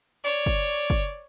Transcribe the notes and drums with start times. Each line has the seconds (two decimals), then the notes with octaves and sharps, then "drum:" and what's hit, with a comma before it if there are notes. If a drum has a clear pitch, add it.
0.25 C#5 D5
0.46 drum: kick G1
0.90 drum: kick G1